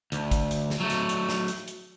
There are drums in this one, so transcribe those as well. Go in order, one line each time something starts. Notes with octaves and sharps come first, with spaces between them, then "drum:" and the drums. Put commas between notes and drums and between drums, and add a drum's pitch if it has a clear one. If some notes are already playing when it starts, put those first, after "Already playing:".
D2, drum: hi-hat
drum: kick, hi-hat
drum: hi-hat
drum: snare
F#3 A3
drum: hi-hat
drum: hi-hat
drum: snare
drum: hi-hat
drum: hi-hat